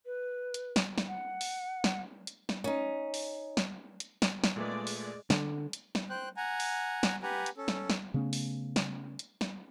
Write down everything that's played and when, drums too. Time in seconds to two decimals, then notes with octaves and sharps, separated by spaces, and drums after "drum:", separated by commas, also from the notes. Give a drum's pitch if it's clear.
0.06 B4
0.54 drum: hi-hat
0.76 drum: snare
0.98 drum: snare
1.08 F#5
1.41 drum: open hi-hat
1.84 drum: snare
2.27 drum: hi-hat
2.49 drum: snare
2.64 C#4 D#4
3.14 drum: open hi-hat
3.57 drum: snare
4.00 drum: hi-hat
4.22 drum: snare
4.44 drum: snare
4.56 A#2 G#3 A3 B4 D5
4.87 drum: open hi-hat
5.30 D3, drum: snare
5.73 drum: hi-hat
5.95 drum: snare
6.09 C5 G5 F#6
6.37 F#5 G#5 A#5
6.60 drum: open hi-hat
7.03 drum: snare
7.23 G4 B4 F#5 G#5 A#5
7.46 drum: hi-hat
7.57 C#4 A4
7.68 drum: snare
7.90 drum: snare
8.14 C#3 A3 B3 C#4
8.33 drum: open hi-hat
8.76 drum: snare
9.19 drum: hi-hat
9.41 drum: snare